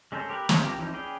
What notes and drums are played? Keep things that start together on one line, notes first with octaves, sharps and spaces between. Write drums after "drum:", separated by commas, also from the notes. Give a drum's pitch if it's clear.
G#3 C#4 A4 A#4 C5
G4 A#4 B4
G#3 D#4 C5, drum: snare
F3 G4 A#4
E3 F3 C#4 D#4
C#4 G#4 B4 D5 G5